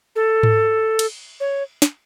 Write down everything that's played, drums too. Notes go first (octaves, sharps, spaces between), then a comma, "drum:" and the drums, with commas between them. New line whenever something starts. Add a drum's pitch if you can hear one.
A4
drum: tom G#2
drum: cymbal
C#5
drum: snare